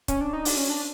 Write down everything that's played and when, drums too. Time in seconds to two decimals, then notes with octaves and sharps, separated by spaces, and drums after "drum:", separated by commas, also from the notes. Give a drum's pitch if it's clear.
0.08 C#4, drum: kick, hi-hat
0.21 D4
0.33 D#4
0.45 D4, drum: open hi-hat
0.57 C#4
0.69 D4